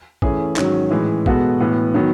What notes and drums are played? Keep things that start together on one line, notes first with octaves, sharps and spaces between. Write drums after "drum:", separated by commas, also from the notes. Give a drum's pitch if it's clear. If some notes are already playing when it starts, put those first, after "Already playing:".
E3 A3 C#4 G#4, drum: kick
G#2 D#3 F#3 C#4, drum: clap
A2 E3 G#3
B2 G#3 B3 F#4 A4, drum: kick
A2 E3 B3
D#3 F#3 B3